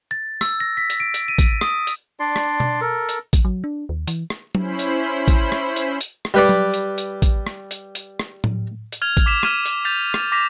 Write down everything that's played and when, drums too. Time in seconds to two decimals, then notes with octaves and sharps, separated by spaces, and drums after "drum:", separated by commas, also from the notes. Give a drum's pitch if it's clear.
0.11 A6
0.41 E6, drum: rim click
0.60 A#6
0.77 B6
0.90 drum: hi-hat
1.00 D7
1.14 drum: hi-hat
1.28 D#7
1.38 drum: kick, hi-hat
1.61 D#6, drum: rim click
1.87 drum: hi-hat
2.20 D4 D5 C6
2.36 drum: rim click
2.60 drum: tom B2
2.81 A4 A#4
3.09 drum: hi-hat
3.33 drum: kick, hi-hat
3.45 F#3
3.64 D4
3.89 D#2
4.07 E3, drum: hi-hat
4.30 drum: rim click
4.55 C#4 E4 C5 B5, drum: tom F#3
4.79 drum: hi-hat
5.28 drum: kick, hi-hat
5.52 drum: rim click
5.76 drum: hi-hat
6.01 drum: hi-hat
6.25 drum: rim click
6.34 G3 B4 D5
6.49 drum: tom F#3
6.74 drum: hi-hat
6.98 drum: hi-hat
7.22 drum: kick, hi-hat
7.47 drum: rim click
7.71 drum: hi-hat
7.95 drum: hi-hat
8.19 drum: rim click
8.44 drum: tom A2
8.92 drum: hi-hat
9.02 F6 G#6 F7
9.17 drum: kick, hi-hat
9.26 D6 B6 E7 F7
9.43 F6 G#6 D#7, drum: rim click
9.65 drum: hi-hat
9.85 G6 A6 B6 F7
10.14 drum: rim click
10.32 D6 A#6 B6 F7